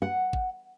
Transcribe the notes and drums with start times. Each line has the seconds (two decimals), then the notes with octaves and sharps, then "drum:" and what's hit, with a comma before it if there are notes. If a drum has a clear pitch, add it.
0.02 F#5
0.33 drum: kick